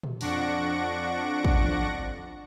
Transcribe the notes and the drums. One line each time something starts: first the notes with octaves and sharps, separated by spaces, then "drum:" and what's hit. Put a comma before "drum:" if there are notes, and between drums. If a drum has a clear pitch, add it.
drum: tom A#2
F2 D4 F#5 C#6 A#6 D7, drum: open hi-hat
drum: kick